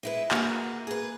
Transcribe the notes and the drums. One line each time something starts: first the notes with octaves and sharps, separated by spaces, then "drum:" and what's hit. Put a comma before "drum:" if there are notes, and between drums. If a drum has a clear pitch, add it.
G#3 E4 B4
A#3 F#4 G#4, drum: clap
G#4 B4